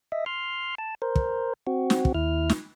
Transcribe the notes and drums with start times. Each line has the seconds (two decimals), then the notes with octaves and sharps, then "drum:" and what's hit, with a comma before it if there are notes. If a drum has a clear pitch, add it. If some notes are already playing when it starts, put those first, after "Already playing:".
0.12 D#5 E5
0.26 C6 F6
0.78 A5
1.02 A#4 C5
1.16 drum: kick
1.67 C4 F#4
1.90 drum: snare
2.05 drum: kick
2.15 D#2 E4 F6
2.49 drum: snare